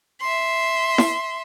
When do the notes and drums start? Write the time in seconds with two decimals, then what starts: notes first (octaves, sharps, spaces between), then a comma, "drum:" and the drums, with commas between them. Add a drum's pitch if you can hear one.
0.21 E5 C6
0.98 drum: snare E4